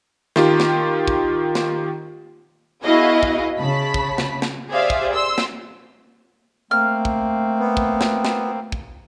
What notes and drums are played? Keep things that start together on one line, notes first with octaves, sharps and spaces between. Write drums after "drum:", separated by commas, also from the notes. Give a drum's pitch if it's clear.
D#3 F4 G4, drum: snare
drum: snare
drum: kick
drum: snare
B3 E4 F#4 G#4 D#5 F5
drum: kick
C#3 A5 B5 B6
drum: kick
drum: snare
drum: snare
G4 G#4 C5 D5 E5 F5
drum: kick
C6 E6
drum: snare
A3 A#3 C4 F6
drum: kick
B3
drum: kick
drum: snare
drum: snare
drum: kick